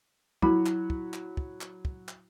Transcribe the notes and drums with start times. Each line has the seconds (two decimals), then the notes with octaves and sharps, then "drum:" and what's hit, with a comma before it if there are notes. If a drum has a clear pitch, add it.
0.42 F#3 E4 B5, drum: kick
0.66 drum: clap
0.90 drum: kick
1.14 drum: clap
1.37 drum: kick
1.61 drum: clap
1.85 drum: kick
2.08 drum: clap